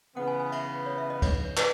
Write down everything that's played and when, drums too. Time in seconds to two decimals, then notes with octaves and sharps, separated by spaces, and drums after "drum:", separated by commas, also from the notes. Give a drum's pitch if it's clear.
0.16 C#3 E3 B3 F#5
0.28 G#5
0.40 G#5
0.52 E5, drum: cymbal
0.86 C#5
0.98 E5
1.10 D#5
1.22 C#5, drum: kick, cymbal
1.45 C#5
1.57 B4, drum: clap